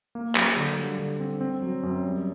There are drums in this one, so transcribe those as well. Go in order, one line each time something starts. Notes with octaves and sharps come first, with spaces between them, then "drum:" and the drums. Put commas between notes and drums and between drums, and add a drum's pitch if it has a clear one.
A#3
F#3, drum: clap
D3
G3
D3
C4
C4
F#3
F#2
G3